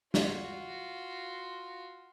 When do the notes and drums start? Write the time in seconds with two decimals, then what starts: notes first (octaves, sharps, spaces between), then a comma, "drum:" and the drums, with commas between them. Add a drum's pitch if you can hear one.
0.14 F4 F#4, drum: snare